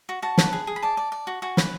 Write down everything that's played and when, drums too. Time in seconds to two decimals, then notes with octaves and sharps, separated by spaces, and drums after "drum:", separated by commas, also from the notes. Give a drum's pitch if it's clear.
0.09 F#4
0.22 F#4 A5
0.38 B4, drum: snare
0.53 G#4
0.67 G#4
0.76 B5
0.82 D5 A5
0.97 D5
1.12 D5
1.27 F#4
1.42 F#4 G#5
1.57 B4, drum: snare